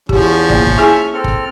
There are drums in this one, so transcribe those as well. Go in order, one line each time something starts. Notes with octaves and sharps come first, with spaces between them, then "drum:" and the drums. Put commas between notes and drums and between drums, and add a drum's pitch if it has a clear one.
E2 F3 C#4 G4, drum: kick
A#3 D5, drum: kick
drum: kick
E4 G#4 E5 G#5 F6
C4 A4 F6
drum: kick